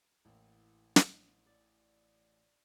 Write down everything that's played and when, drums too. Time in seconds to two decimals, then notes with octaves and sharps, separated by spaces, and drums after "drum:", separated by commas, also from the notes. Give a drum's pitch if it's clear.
0.25 A1 A#3 C4 E4
0.96 drum: snare
1.46 D5